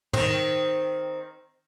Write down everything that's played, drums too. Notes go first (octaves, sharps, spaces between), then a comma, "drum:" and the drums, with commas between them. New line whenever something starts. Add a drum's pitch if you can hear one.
D#3 C4, drum: tom